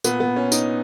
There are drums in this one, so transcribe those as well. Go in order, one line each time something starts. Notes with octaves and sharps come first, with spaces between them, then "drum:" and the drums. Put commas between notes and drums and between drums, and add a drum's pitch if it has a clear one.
A#2 B3, drum: tambourine
B3
C#4
D#4, drum: tambourine